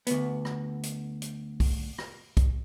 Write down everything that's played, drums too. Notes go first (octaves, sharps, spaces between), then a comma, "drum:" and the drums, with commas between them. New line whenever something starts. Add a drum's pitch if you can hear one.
D2 B3, drum: hi-hat
drum: rim click
drum: hi-hat
drum: hi-hat
drum: kick, open hi-hat
drum: rim click
drum: kick, hi-hat